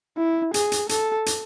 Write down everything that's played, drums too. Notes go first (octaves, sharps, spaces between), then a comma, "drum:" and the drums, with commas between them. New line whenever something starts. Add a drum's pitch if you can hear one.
E4
G#4, drum: hi-hat
drum: hi-hat
A4, drum: hi-hat
drum: hi-hat